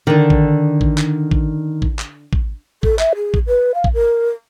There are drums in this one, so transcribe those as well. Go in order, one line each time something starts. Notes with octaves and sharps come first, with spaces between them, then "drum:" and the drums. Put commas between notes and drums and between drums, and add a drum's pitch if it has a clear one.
D3 D#3 D5
drum: kick
drum: kick
drum: clap
drum: kick
drum: kick
drum: clap
drum: kick
A4, drum: kick
E5, drum: clap
G#4
drum: kick
B4
F5
drum: kick
A#4